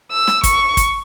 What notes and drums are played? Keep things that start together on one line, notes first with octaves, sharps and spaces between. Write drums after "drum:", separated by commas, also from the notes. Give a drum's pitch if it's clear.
E6
drum: snare
C#6, drum: kick, hi-hat
drum: kick, hi-hat